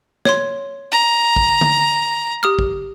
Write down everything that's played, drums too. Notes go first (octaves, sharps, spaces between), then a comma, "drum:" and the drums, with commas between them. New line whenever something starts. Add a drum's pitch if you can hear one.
C#5 C6, drum: snare
A#5
drum: kick
drum: tom D3
G4 D#6 F6
drum: kick